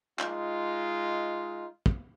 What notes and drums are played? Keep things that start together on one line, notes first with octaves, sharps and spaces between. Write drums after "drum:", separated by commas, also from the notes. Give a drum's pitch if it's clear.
G#3 D#4 F4, drum: clap
drum: kick